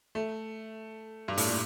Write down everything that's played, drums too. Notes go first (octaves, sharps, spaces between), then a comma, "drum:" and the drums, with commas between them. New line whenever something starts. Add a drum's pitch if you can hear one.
A3
G2
A2, drum: open hi-hat
A#2